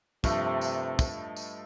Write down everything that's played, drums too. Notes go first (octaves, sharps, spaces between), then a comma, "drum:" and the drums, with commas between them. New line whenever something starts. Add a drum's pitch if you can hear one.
G2 C3 F3 A3 D#5, drum: kick, tambourine
drum: tambourine
drum: kick, tambourine
drum: tambourine